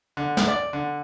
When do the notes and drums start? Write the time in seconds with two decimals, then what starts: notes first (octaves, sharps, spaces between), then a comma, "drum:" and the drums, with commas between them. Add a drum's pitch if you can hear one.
0.17 D3
0.37 drum: snare
0.48 D5
0.73 D3